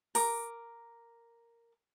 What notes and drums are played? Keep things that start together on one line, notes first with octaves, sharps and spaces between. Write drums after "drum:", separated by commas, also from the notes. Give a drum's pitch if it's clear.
A#4 D6, drum: open hi-hat